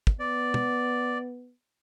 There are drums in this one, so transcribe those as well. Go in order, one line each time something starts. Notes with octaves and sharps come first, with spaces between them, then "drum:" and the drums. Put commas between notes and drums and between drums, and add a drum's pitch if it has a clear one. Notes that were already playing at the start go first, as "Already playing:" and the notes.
drum: kick
B3 D5
drum: tom